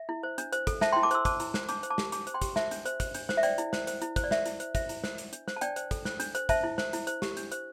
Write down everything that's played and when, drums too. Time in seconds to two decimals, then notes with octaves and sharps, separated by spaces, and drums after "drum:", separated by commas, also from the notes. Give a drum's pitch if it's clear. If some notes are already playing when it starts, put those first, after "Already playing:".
Already playing: E5
0.09 E4
0.23 C5
0.38 D4, drum: hi-hat
0.53 C5, drum: hi-hat
0.67 A4, drum: kick, hi-hat
0.81 C5 E5 A5, drum: snare
0.92 E4 G5 C6
1.03 A5 D6
1.11 C5 C6 E6, drum: hi-hat
1.25 C5 A5 D6, drum: kick, hi-hat
1.40 E4, drum: hi-hat
1.54 C5, drum: snare
1.69 D4 A5 D6, drum: hi-hat
1.83 C5, drum: hi-hat
1.90 A5 D6
1.98 G4, drum: snare
2.12 D4 A5 D6, drum: hi-hat
2.27 C5, drum: hi-hat
2.34 G5 C6
2.42 G4, drum: kick, hi-hat
2.56 C5 E5 A5, drum: snare
2.71 D4, drum: hi-hat
2.85 C5, drum: hi-hat
3.00 C5, drum: kick, hi-hat
3.14 D4, drum: hi-hat
3.29 C5, drum: snare
3.37 E5
3.43 C5 D5 G5, drum: hi-hat
3.58 E4, drum: hi-hat
3.73 C5, drum: snare
3.87 C5, drum: hi-hat
4.02 E4, drum: hi-hat
4.16 C5, drum: kick, hi-hat
4.24 D5
4.31 C5 E5, drum: snare
4.46 E4, drum: hi-hat
4.60 C5, drum: hi-hat
4.75 C5 E5, drum: kick, hi-hat
4.89 E4, drum: hi-hat
5.04 C5, drum: snare
5.18 C5, drum: hi-hat
5.33 D4, drum: hi-hat
5.48 C5, drum: snare
5.56 A5
5.61 D4 D5 G5, drum: hi-hat
5.76 C5, drum: hi-hat
5.91 A4, drum: kick, hi-hat
6.05 C5, drum: snare
6.20 D4, drum: hi-hat
6.35 C5, drum: hi-hat
6.49 C5 E5 A5, drum: kick, hi-hat
6.63 E4
6.78 C5, drum: snare
6.93 E4, drum: hi-hat
7.07 C5, drum: hi-hat
7.22 G4, drum: snare
7.37 D4, drum: hi-hat
7.52 C5, drum: hi-hat